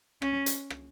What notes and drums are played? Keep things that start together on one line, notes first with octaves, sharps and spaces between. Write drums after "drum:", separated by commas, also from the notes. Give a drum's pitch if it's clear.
C#4, drum: rim click
drum: hi-hat
drum: rim click